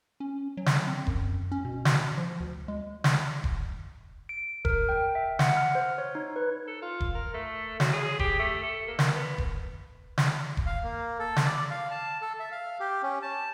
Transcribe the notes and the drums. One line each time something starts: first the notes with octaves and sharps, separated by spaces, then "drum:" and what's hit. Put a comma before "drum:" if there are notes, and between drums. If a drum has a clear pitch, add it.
C#4
F#3
drum: snare
C4
F#2, drum: kick E1
C#4
B2
drum: snare
F3
D2
G#3
drum: snare
drum: kick E1
D7
A#4, drum: kick E1
G5
E5
F#5, drum: snare
F6
C5
C#5
D#4
B4
A4
F4
drum: kick E1
A#4
A3
F#3, drum: snare
G#4
G4, drum: kick E1
A3
A4
A#3
drum: snare
B3
drum: kick E1
drum: snare
drum: kick E1
F5
A#3
A4
drum: snare
D5
F5
A5
A4
E5
F5
G4
C#4
A5